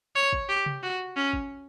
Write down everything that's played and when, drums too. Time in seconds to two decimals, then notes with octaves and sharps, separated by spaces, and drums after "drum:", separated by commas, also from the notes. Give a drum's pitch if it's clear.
0.16 C#5
0.33 drum: kick
0.49 G4
0.66 drum: tom C3
0.83 F#4
1.16 C#4
1.33 drum: kick